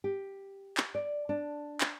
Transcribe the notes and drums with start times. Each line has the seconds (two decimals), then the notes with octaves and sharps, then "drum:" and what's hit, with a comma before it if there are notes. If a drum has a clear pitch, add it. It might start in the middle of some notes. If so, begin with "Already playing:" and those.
0.04 G4
0.77 drum: clap
0.95 D5
1.29 D4
1.81 drum: clap